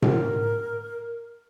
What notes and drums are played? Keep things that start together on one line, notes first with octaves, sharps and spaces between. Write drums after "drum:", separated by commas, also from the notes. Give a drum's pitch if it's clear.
A#4, drum: tom A2